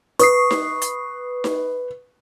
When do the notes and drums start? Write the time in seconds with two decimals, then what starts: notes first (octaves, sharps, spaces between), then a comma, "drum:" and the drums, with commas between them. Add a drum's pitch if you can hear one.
0.19 B4 C#6 D#6 C7, drum: hi-hat
0.51 drum: snare D#4
0.82 drum: hi-hat
1.44 drum: snare D#4